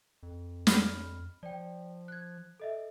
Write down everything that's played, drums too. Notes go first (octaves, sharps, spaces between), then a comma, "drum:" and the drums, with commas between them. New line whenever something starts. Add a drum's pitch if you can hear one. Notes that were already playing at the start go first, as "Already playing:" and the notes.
F2
B5 F6, drum: snare
F3 D5 G5
F#6 G#6
A4 D#5 E5